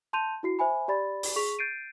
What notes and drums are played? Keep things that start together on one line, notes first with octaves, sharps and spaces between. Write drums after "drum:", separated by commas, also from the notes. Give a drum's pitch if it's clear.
A5 C6 G6 D#7 F7
E4 F#4 C7
C5 E5 G#5 B5
G4 D5 B5 A6
drum: open hi-hat
G#4 C#6 B6 F7
G6 A6 C7 D7 D#7